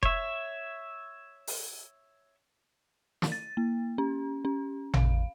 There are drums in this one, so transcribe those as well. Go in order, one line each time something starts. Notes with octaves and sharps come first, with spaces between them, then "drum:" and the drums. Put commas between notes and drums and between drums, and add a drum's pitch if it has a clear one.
C#5 E5, drum: kick F1
drum: open hi-hat
drum: snare
A6
A#3
C#4
C#4
F5, drum: tom A1